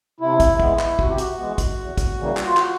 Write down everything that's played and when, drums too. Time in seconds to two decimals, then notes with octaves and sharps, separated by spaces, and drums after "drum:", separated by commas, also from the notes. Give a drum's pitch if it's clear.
0.20 C3 E4
0.40 drum: kick, hi-hat
0.60 E3 G#3 B3, drum: kick
0.79 drum: clap
0.99 C3 F#4, drum: kick
1.09 G4
1.18 F#4, drum: hi-hat
1.38 E3 G#3 B3
1.58 drum: kick, hi-hat
1.78 E2
1.97 drum: kick, hi-hat
2.17 C#3 E3 G3 A#3
2.37 drum: clap
2.46 F4
2.57 F#4, drum: clap